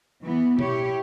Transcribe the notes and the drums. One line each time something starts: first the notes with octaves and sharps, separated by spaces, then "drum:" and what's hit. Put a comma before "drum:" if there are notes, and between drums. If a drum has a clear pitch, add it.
E3 B3
E4 G4 C#5, drum: tom B2